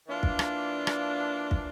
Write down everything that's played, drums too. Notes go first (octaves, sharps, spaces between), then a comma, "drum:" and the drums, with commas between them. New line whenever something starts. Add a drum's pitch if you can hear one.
E3 A#3 D4 F4
drum: kick
drum: rim click
drum: rim click
drum: kick